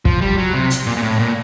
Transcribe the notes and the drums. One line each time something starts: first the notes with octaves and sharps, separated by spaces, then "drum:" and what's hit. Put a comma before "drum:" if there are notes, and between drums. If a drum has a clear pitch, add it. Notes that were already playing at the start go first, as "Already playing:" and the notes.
F3, drum: kick
G3
F#3
C3
drum: hi-hat
A#2
A#2
A2
A#2